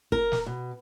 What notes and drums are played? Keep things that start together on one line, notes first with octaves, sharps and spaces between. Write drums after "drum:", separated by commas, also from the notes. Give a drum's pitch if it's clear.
A#4, drum: kick
drum: snare
B2